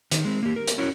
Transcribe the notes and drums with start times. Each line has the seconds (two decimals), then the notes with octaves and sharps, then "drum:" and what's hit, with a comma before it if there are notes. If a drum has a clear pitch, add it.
0.11 D#3, drum: hi-hat
0.24 G#3 C4
0.43 A#3 G4
0.56 A#4
0.67 drum: hi-hat
0.78 C#4 E4 F#4 A#4 C#5